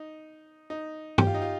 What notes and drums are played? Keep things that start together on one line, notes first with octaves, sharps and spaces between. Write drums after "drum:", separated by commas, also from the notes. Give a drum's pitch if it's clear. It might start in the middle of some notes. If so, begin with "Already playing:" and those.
Already playing: D#4
D#4
G4, drum: tom
F4
D#4
F4